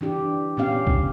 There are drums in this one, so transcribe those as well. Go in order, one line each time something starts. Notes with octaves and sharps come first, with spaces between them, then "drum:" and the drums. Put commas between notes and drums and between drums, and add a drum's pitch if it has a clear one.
E3 D4 G4
A#2 B3 C#4 G4 F5
drum: kick B1